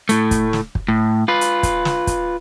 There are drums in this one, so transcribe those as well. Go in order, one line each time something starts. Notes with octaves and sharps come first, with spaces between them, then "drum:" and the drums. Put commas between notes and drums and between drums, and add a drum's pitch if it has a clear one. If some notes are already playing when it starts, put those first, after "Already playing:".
A2 A3, drum: hi-hat
drum: kick, hi-hat
drum: snare
drum: kick
A2
F4 B4
drum: hi-hat
drum: kick, hi-hat
drum: snare
drum: kick, hi-hat